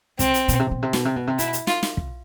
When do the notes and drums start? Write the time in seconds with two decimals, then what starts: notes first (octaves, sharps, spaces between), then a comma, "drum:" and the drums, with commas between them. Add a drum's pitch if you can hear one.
0.19 C3 C4, drum: kick, hi-hat
0.34 drum: hi-hat
0.48 B2, drum: hi-hat
0.59 C3
0.71 B2
0.82 C3
0.93 B2, drum: snare
1.05 C3
1.16 B2
1.27 C3
1.39 B2 E4, drum: hi-hat
1.53 drum: hi-hat
1.67 F4, drum: snare
1.83 drum: snare
1.97 C3, drum: kick